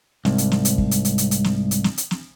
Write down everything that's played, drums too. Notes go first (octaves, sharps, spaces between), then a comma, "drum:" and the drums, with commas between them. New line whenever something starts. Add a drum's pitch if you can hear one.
C2 G#2, drum: snare
drum: hi-hat
drum: snare
drum: hi-hat
drum: kick
drum: hi-hat
drum: hi-hat
drum: hi-hat
drum: hi-hat
drum: snare
drum: hi-hat
drum: snare
drum: hi-hat
drum: snare